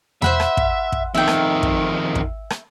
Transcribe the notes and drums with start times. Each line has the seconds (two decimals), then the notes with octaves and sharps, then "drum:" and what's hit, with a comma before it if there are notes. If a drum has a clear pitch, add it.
0.22 C5 E5 F#5 B5, drum: tom E2
0.40 drum: rim click
0.57 drum: kick
0.92 drum: kick
1.14 F2 D#3 E5 G5
1.27 drum: rim click
1.63 drum: kick
2.15 drum: kick
2.50 drum: rim click